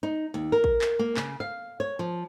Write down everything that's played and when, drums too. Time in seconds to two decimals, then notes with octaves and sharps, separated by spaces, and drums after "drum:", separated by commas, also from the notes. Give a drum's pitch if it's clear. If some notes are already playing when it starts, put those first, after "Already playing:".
0.03 D#4
0.34 D#2
0.52 A#4
0.64 drum: kick
0.81 drum: clap
0.99 A#3
1.17 C#3, drum: clap
1.40 F5
1.80 C#5
1.99 F3